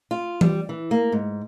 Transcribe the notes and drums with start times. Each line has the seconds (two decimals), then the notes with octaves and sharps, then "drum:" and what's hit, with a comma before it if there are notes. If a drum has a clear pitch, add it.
0.11 F4
0.41 G3, drum: tom E3
0.69 E3
0.91 A#3
1.12 G#2